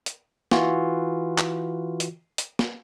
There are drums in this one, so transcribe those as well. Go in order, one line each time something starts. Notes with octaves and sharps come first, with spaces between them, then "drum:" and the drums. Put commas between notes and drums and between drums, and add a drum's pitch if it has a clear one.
drum: hi-hat
E3 F4 F#4, drum: snare
drum: clap
drum: hi-hat
drum: hi-hat
drum: snare